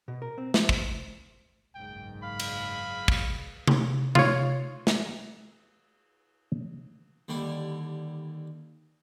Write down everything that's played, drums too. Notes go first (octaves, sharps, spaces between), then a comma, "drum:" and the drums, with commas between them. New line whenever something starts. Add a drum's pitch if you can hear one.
B2
A#4
C4
F3, drum: snare
C5, drum: kick
F#1 B1 G#2 G5
F5 B5
drum: cymbal
drum: kick
drum: tom C3
F4 C#5, drum: tom C3
drum: snare
D#2 D3 G3 E4